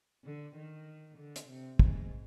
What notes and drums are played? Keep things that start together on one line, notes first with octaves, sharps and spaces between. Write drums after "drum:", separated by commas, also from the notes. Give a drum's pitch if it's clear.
D3
D#3
D3
drum: hi-hat
C3
G#2, drum: kick